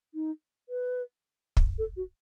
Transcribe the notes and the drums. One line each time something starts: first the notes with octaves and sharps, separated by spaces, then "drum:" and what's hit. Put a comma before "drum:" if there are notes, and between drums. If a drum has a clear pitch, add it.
D#4
B4
drum: kick
A4
F#4